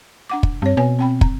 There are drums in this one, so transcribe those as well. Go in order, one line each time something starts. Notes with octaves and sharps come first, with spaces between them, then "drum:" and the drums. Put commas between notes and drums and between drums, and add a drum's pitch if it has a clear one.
D4 F#5 D6
drum: kick
G2 C4 C#5
B2 C#5 G#5
C4 G5 B5
A#5, drum: kick